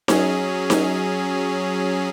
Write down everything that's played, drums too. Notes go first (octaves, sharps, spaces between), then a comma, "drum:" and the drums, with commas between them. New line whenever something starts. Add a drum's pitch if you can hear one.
F#3 C#4 G#4, drum: snare D#4
drum: snare D#4